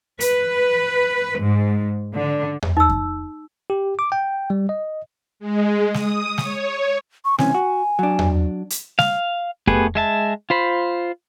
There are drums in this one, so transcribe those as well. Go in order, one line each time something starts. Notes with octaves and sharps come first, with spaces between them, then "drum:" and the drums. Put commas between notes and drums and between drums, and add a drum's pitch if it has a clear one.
B4, drum: hi-hat
G#2
D3
drum: tom E2
D#4 E6
drum: kick F2
G4
D6
G5
G3
D#5
G#3
D#6, drum: snare
C#5, drum: snare
C#6
C3 E3 C#4 G#5, drum: snare
F#4
F#3 D4
drum: tom E2
drum: hi-hat
F5, drum: snare
A3 B3 G4 G#4 B4, drum: kick F2
G#3 E5 A5
F4 C5 B5